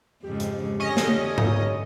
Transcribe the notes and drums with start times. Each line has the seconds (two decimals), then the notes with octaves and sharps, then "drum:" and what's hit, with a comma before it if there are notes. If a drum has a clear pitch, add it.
0.23 F2 G#2 C#3 G4
0.40 drum: hi-hat
0.80 D3 C#4 D#5
0.97 drum: snare
1.38 drum: tom G#2